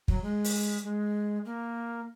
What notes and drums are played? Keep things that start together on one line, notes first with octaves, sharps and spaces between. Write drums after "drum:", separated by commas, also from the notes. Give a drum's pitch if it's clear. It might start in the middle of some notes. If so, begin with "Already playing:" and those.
F#3, drum: kick
G#3
drum: open hi-hat
G#3
A#3